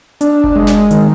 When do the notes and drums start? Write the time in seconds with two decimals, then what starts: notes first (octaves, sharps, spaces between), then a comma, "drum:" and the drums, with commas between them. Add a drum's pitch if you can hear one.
0.21 D4, drum: hi-hat
0.44 drum: kick F#1
0.56 G#3
0.67 drum: snare
0.91 D#3, drum: hi-hat